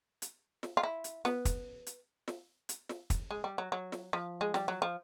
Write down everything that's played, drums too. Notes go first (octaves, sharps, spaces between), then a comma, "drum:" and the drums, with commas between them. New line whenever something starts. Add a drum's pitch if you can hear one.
drum: hi-hat
drum: snare
F4
E4
drum: hi-hat
B3, drum: snare
drum: kick, hi-hat
drum: hi-hat
drum: snare
drum: hi-hat
drum: snare
drum: kick, hi-hat
G#3
G3
F#3
F#3
drum: snare
F3
G#3
G3, drum: snare
F#3
F3